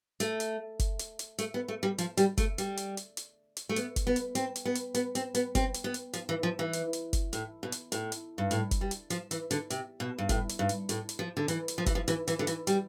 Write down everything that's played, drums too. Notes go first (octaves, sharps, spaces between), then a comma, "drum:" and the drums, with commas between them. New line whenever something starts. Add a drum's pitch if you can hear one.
A3, drum: hi-hat
drum: hi-hat
drum: kick F#1, hi-hat
drum: hi-hat
drum: hi-hat
A3, drum: hi-hat
B3
A3
G3
F3, drum: hi-hat
G3, drum: hi-hat
A3, drum: kick F#1, hi-hat
G3, drum: hi-hat
drum: hi-hat
drum: hi-hat
drum: hi-hat
drum: hi-hat
A3
B3, drum: hi-hat
drum: kick F#1, hi-hat
B3
drum: hi-hat
C4, drum: hi-hat
drum: hi-hat
B3
drum: hi-hat
B3, drum: hi-hat
C4, drum: hi-hat
B3, drum: hi-hat
C4, drum: kick F#1, hi-hat
drum: hi-hat
B3
drum: hi-hat
F3, drum: hi-hat
E3
F3
E3
drum: hi-hat
drum: hi-hat
drum: kick F#1, hi-hat
A2, drum: hi-hat
B2
drum: hi-hat
A2, drum: hi-hat
drum: hi-hat
G2
A2, drum: hi-hat
drum: kick F#1, hi-hat
G3
drum: hi-hat
F3, drum: hi-hat
E3, drum: hi-hat
D3, drum: hi-hat
C3, drum: hi-hat
B2
G2
A2, drum: kick F#1, hi-hat
drum: hi-hat
G2
drum: hi-hat
A2, drum: hi-hat
drum: hi-hat
F3
D3
E3, drum: hi-hat
drum: hi-hat
F3
E3, drum: kick F#1, hi-hat
F3
E3, drum: hi-hat
E3, drum: hi-hat
D3
E3, drum: hi-hat
G3, drum: hi-hat